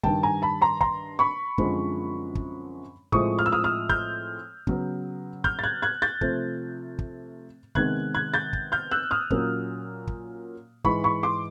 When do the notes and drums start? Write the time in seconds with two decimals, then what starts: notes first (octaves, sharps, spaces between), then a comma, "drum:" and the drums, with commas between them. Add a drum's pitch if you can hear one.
0.03 G2 D#3 G3 G5 A5, drum: kick
0.23 G#5 A#5
0.42 A5 B5
0.61 A#5 C6
0.81 A#5 C6, drum: kick
1.19 B5 C#6
1.58 F#2 D3 F3 G#3 C4, drum: kick
2.35 drum: kick
3.12 A2 F3 G#3 C4 C#6 D#6, drum: kick
3.39 F6
3.46 E6
3.52 D#6 F6
3.64 D#6 F6
3.89 F6 G6, drum: kick
4.67 C#3 F#3 B3, drum: kick
5.44 F6 G6, drum: kick
5.59 A6
5.64 F#6 G#6
5.82 F#6 G#6
6.02 G6 A6
6.21 C3 F3 A3 C4, drum: kick
6.99 drum: kick
7.75 C3 D#3 G#3 B3 F#6 G#6, drum: kick
8.14 F#6 G#6
8.34 G6 A6
8.53 drum: kick
8.72 F6 G6
8.91 E6 F#6
9.11 D#6 F6
9.30 A#2 F#3 A#3 C#4, drum: kick
10.07 drum: kick
10.84 G#2 E3 G#3 B5 C#6, drum: kick
11.04 B5 C#6
11.23 C6 D6